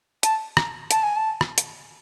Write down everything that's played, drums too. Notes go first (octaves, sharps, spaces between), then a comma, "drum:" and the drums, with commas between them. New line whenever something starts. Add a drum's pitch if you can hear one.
A5, drum: hi-hat
A#5, drum: rim click
A5, drum: hi-hat
G#5
A5
drum: rim click
drum: hi-hat